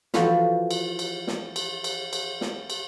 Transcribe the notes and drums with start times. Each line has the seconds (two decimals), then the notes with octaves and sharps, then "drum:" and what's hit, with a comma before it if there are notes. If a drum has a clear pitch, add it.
0.14 E3 F3 F4 F#4 A4 B4, drum: snare
0.71 drum: cymbal
0.99 drum: cymbal
1.27 drum: snare
1.56 drum: cymbal
1.84 drum: cymbal
2.13 drum: cymbal
2.41 drum: snare
2.70 drum: cymbal